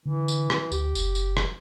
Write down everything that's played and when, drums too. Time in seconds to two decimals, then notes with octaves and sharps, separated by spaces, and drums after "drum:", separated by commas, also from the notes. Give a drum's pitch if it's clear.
0.06 D3 E3
0.28 drum: tambourine
0.50 drum: rim click
0.72 D2 G4, drum: tambourine
0.95 F#1, drum: tambourine
1.15 drum: tambourine
1.37 drum: rim click